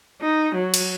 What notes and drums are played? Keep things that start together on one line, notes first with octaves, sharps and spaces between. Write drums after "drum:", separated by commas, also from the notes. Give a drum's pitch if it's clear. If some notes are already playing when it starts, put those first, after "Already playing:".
D#4
F#3
drum: cymbal